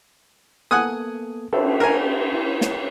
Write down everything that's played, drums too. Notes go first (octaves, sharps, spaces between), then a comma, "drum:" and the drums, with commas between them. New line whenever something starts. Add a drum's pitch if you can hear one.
A#3 B3 A4 F#5 G#5 D#6
A4 B4 E5, drum: cymbal
A#4 G#5
E4
drum: snare